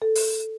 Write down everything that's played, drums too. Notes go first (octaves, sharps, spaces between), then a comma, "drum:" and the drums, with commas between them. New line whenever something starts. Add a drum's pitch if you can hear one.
A4
drum: open hi-hat